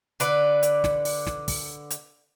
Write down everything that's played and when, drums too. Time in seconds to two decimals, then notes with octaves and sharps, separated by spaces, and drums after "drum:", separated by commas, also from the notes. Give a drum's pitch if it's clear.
0.20 D3 B4 D5, drum: hi-hat
0.63 drum: hi-hat
0.84 drum: snare
1.05 drum: open hi-hat
1.27 drum: snare
1.48 drum: kick, open hi-hat
1.91 drum: hi-hat